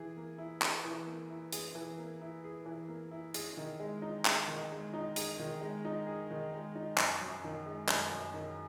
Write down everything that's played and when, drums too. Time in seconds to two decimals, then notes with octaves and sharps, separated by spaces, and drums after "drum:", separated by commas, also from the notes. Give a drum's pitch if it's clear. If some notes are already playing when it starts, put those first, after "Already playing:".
Already playing: E3 G#4
0.16 A#3
0.38 E4
0.62 G#4, drum: clap
0.84 E3
1.06 A#3
1.29 E4
1.53 G#4, drum: hi-hat
1.75 E3
1.98 A#3
2.21 E4
2.44 G#4
2.66 E3
2.88 A#3
3.11 E4
3.34 G#4, drum: hi-hat
3.57 D#3
3.80 G#3
4.02 D#4
4.25 G#4, drum: clap
4.48 D#3
4.71 G#3
4.93 D#4
5.16 G#4, drum: hi-hat
5.39 D#3
5.61 G#3
5.85 D#4
6.07 G#4
6.31 D#3
6.53 G#3
6.75 D#4
6.98 F#2, drum: clap
7.21 F#2
7.44 D#3
7.66 G#3
7.88 F#2, drum: clap
8.11 F#2
8.34 D#3